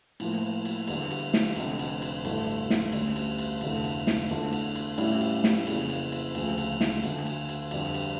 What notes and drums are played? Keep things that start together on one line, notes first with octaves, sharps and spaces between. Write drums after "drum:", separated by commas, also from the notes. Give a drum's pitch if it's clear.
A2 F3 A#3, drum: cymbal
drum: cymbal
E2 D3 G3, drum: cymbal
drum: cymbal
drum: snare
F1 F2 D3, drum: cymbal
drum: cymbal
drum: cymbal
A1 G2 D3 A3 E4, drum: cymbal
drum: snare
D2 D3 G3 C#4, drum: cymbal
drum: cymbal
drum: cymbal
F1 E2 D3 A3, drum: cymbal
drum: cymbal
drum: snare
E2 D3 A3 D4 F4, drum: cymbal
drum: cymbal
drum: cymbal
A2 G3 C#4 E4, drum: cymbal
drum: cymbal
drum: snare
F2 C#3 E3 A#3, drum: cymbal
drum: cymbal
drum: cymbal
D2 C#3 F3, drum: cymbal
drum: cymbal
drum: snare
D2 D3 A3, drum: cymbal
drum: cymbal
drum: cymbal
F2 D3 G3 D4, drum: cymbal
drum: cymbal